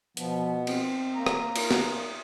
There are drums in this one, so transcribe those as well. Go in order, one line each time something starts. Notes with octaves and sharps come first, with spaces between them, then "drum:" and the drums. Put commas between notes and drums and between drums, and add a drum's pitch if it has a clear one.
B2 F3 B3, drum: hi-hat
C4, drum: cymbal
A#3 A#5
drum: rim click
A#4, drum: cymbal
drum: snare